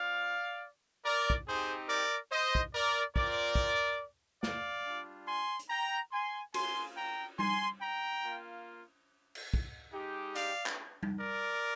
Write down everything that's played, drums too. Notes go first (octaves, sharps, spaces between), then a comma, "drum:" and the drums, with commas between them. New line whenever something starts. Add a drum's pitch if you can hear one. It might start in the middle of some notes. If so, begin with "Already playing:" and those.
Already playing: C4 F4 D5 F5
A#4 D5
drum: kick
C4 D#4 G4 G#4 C5
A#4 D5
C5 D#5
drum: kick
A#4 D5
C4 F4 A#4 D5, drum: kick
drum: kick
D5 F5, drum: snare
G3 D4 F4
G#5 C6
drum: hi-hat
G5 A#5
G#5 C6
A#3 F4 G#5 C6, drum: cymbal
G5 A#5
G#5 C6, drum: tom G3
G5 A#5
A#3 F4
drum: cymbal
drum: kick
G#3 D#4 G4
D5 F5, drum: hi-hat
drum: clap
drum: tom G3
A#4 D5